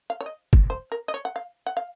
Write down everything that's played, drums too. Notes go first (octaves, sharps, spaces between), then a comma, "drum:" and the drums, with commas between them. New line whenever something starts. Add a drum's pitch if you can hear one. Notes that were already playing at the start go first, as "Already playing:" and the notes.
F5
C#5
D#5
drum: kick
C5
A#4
D#5
C#5
F#5
F5
F#5
F5